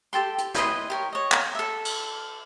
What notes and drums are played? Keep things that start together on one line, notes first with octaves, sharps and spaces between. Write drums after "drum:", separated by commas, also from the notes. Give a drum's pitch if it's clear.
G4 A4 G5 C6
drum: hi-hat
E4 B4 D#5 C6, drum: snare
G4 A#4 C#5
C#5 D#5
drum: clap
A4 E5
drum: cymbal